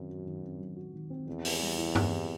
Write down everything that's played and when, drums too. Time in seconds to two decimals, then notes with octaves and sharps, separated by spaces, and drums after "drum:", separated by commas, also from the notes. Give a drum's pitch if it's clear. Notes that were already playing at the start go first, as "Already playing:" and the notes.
Already playing: F#2 D#3 F#3 C4
0.09 F#4
0.26 D#3
0.43 C4
0.60 F#3
0.76 F#4
0.93 D#3
1.10 C4
1.28 E2 C4
1.45 G4, drum: open hi-hat
1.62 G3
1.78 E4
1.95 C4, drum: tom G2
2.12 G4